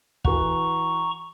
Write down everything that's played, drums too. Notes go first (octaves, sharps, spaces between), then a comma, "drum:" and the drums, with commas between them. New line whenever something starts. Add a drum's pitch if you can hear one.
E3 F#4 F#5 A#5 C#6, drum: kick